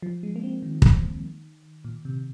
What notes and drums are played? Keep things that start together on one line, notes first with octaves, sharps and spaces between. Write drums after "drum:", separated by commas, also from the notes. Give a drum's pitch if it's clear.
F3
G#3
A#3
C4
D#3
drum: kick
A#2
C3